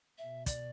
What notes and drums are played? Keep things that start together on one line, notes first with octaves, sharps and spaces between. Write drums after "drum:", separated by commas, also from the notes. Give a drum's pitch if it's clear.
B2 E5
D5, drum: kick, hi-hat